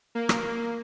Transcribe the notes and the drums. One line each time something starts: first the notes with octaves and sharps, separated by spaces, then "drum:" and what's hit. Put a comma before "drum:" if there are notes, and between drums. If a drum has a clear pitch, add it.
A#3
drum: rim click